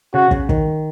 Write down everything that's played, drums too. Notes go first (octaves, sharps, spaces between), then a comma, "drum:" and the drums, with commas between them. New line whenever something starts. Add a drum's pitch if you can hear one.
C#3 F#4
C#3, drum: kick
D#3, drum: kick